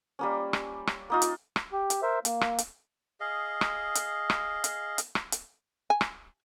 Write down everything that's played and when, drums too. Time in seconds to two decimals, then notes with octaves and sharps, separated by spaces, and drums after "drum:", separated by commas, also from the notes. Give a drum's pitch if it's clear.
0.19 G3 A#3 C#4
0.53 drum: rim click
0.87 drum: rim click
1.10 A#3 D#4 F4
1.22 drum: hi-hat
1.56 drum: rim click
1.72 G4
1.90 drum: hi-hat
2.02 A#4 C5 E5
2.25 A#3, drum: hi-hat
2.41 drum: rim click
2.58 drum: hi-hat
3.20 G#4 D#5 F5
3.61 drum: rim click
3.95 drum: hi-hat
4.30 drum: rim click
4.64 drum: hi-hat
4.98 drum: hi-hat
5.15 drum: rim click
5.32 drum: hi-hat
5.90 G#5
6.01 drum: rim click